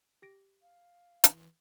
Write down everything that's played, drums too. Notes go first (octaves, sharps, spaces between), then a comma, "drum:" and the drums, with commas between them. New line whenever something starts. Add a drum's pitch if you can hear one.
G4 A#6 D7
F5
E3, drum: hi-hat